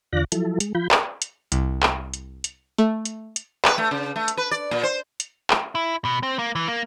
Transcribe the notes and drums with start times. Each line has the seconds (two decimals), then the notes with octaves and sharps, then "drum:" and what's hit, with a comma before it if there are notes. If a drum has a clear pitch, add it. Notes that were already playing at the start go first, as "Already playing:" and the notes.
0.13 E2 D3 F4 D5 F#6 A#6
0.32 F3 F#3 E4 A4, drum: hi-hat
0.60 G#3, drum: hi-hat
0.75 F3 F4 B5 G6
0.91 A#4, drum: clap
1.22 drum: hi-hat
1.52 C2, drum: hi-hat
1.83 drum: clap
2.14 drum: hi-hat
2.44 drum: hi-hat
2.78 A3
3.05 drum: hi-hat
3.36 drum: hi-hat
3.65 B4, drum: clap
3.78 A3
3.91 C#3
4.16 A3
4.28 drum: hi-hat
4.37 B4
4.51 D5
4.71 A#2
4.83 C5
5.20 drum: hi-hat
5.51 drum: clap
5.75 E4
6.05 B2
6.23 C4
6.39 A#3
6.55 E3
6.68 A#3